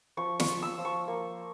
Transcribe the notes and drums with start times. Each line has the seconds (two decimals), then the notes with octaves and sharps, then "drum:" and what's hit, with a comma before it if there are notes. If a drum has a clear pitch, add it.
0.17 F3 C#6
0.40 C#6, drum: snare
0.47 F4
0.62 E6
0.78 F3
0.85 C#6
1.08 A#3